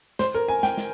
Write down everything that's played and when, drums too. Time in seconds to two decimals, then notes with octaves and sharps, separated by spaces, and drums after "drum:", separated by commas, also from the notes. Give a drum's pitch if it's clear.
0.19 C5, drum: snare
0.34 A#4
0.48 G#5
0.63 G5, drum: snare
0.77 drum: snare